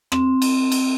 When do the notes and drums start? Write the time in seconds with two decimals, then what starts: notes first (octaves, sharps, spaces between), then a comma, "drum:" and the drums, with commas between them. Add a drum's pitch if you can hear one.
0.12 C4, drum: rim click
0.42 drum: cymbal
0.72 drum: cymbal